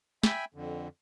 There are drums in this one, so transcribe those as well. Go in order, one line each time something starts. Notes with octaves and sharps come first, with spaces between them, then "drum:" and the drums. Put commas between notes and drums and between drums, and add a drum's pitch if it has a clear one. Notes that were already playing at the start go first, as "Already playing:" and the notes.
E5 G5 G#5 B5, drum: snare
F2 D3